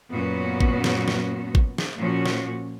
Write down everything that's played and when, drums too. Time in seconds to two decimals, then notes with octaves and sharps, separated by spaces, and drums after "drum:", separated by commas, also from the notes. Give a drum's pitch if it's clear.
0.13 F#2 A#2 B3 C#4 F#4
0.61 drum: kick
0.84 drum: snare
1.08 drum: snare
1.55 drum: kick
1.78 drum: snare
1.97 A#2 F3 C#4 F#4
2.26 drum: snare